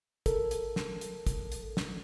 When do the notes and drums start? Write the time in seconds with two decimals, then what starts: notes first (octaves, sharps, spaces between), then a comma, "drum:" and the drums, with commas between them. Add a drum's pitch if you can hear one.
0.26 A4 A#4, drum: kick, hi-hat
0.51 drum: hi-hat
0.76 drum: snare
1.01 drum: hi-hat
1.27 drum: kick, hi-hat
1.52 drum: hi-hat
1.77 drum: snare